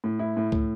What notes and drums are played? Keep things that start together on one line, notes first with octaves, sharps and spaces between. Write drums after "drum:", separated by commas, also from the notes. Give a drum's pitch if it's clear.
A2
E4
A2
A2, drum: kick